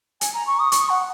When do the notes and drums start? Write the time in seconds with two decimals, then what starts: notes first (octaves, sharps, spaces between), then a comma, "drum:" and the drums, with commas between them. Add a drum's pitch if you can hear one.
0.21 G#5, drum: hi-hat
0.34 A#5
0.47 C#6
0.59 D#6
0.72 C#6, drum: hi-hat
0.90 F#5